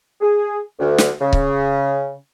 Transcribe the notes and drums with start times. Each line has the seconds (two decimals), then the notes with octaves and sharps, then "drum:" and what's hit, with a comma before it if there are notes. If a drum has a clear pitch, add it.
0.21 G#4
0.80 D2
0.98 drum: snare
1.21 C#3
1.33 drum: kick C#1